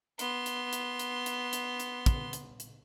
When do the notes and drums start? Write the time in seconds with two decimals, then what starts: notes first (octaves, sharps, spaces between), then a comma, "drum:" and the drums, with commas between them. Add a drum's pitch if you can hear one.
0.19 B3 C6, drum: hi-hat
0.46 drum: hi-hat
0.73 drum: hi-hat
0.99 drum: hi-hat
1.26 drum: hi-hat
1.53 drum: hi-hat
1.80 drum: hi-hat
2.06 drum: kick, hi-hat
2.33 drum: hi-hat
2.60 drum: hi-hat